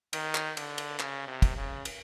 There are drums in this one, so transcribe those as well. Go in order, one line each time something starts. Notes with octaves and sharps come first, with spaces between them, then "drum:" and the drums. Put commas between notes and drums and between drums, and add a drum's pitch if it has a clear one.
D#3, drum: cymbal
drum: clap
D3, drum: cymbal
drum: cymbal
C#3, drum: clap
C3
drum: kick, cymbal
C#3
drum: cymbal